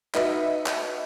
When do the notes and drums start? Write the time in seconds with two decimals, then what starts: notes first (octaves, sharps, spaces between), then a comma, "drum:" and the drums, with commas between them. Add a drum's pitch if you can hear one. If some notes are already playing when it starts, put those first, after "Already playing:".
0.14 D#4 F#4 B4 D#5 E5, drum: clap
0.66 drum: clap